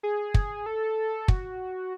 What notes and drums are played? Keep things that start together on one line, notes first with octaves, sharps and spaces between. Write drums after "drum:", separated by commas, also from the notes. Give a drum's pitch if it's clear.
G#4
drum: kick
A4
F#4, drum: kick